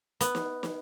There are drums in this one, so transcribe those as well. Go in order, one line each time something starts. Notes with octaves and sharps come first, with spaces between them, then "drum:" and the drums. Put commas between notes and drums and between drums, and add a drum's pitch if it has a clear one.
B3, drum: hi-hat
drum: snare
drum: snare